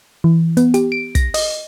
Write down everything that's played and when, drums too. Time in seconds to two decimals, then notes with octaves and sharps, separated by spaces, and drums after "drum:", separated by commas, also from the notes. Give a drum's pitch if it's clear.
0.24 E3
0.57 B3, drum: hi-hat
0.74 G4, drum: hi-hat
0.92 D7
1.15 A#6, drum: kick, hi-hat
1.34 D#5, drum: open hi-hat